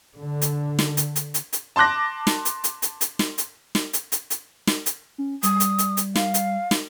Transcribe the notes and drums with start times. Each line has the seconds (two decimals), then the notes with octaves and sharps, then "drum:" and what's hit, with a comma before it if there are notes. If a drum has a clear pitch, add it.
0.16 D3
0.42 drum: hi-hat
0.79 drum: snare
0.97 drum: hi-hat
1.16 drum: hi-hat
1.34 drum: hi-hat
1.53 drum: hi-hat
1.76 A5 C6 D6 F#6 A#6
2.27 drum: snare
2.45 drum: hi-hat
2.64 drum: hi-hat
2.82 drum: hi-hat
3.01 drum: hi-hat
3.19 drum: snare
3.38 drum: hi-hat
3.75 drum: snare
3.93 drum: hi-hat
4.12 drum: hi-hat
4.30 drum: hi-hat
4.67 drum: snare
4.86 drum: hi-hat
5.18 C#4
5.43 G3 D#6, drum: hi-hat
5.60 drum: hi-hat
5.78 drum: hi-hat
5.97 drum: hi-hat
6.15 F5, drum: snare
6.34 drum: hi-hat
6.71 drum: snare